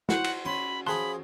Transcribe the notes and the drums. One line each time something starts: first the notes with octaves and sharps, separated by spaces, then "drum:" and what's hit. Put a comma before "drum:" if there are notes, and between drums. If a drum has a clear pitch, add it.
E4 F#4 C5 F#5, drum: snare
drum: cymbal
C#4 B5 C6
F3 G#4 C5 A5 B5 C6 F#6